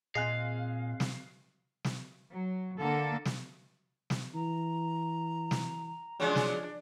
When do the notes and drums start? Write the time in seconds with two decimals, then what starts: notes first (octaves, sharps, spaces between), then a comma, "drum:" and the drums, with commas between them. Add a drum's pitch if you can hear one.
0.15 A#2 C4 G#4 D#5 F5 G#5 F#6
1.00 drum: snare
1.84 drum: snare
2.31 F#3
2.78 D3 A#3 A4
3.25 drum: snare
4.10 drum: snare
4.34 E3 A#5
5.51 drum: snare
6.20 C#3 F3 F#3 G#3 D4
6.35 drum: snare